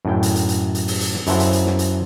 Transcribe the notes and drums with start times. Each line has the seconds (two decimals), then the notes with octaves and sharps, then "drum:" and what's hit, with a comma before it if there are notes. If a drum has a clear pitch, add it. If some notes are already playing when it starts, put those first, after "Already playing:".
0.05 F#2 A2 G5
0.23 drum: hi-hat
0.36 drum: hi-hat
0.49 drum: hi-hat
0.75 drum: hi-hat
0.88 drum: open hi-hat
1.01 drum: hi-hat
1.14 drum: snare
1.27 F#2 E4 A4 C5 F#5, drum: hi-hat
1.40 drum: hi-hat
1.53 drum: hi-hat
1.66 drum: snare
1.79 drum: hi-hat